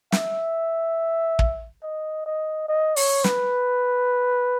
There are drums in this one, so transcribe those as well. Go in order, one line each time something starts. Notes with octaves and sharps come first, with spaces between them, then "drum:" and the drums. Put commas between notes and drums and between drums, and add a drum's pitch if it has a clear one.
E5, drum: snare
drum: kick
D#5
D#5
D#5
C#5, drum: open hi-hat
B4, drum: snare